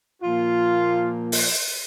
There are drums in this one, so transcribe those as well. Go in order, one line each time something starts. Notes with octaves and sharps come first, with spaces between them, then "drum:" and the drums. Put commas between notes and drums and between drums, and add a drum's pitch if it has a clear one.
A#2 F3 A#3 F4
drum: open hi-hat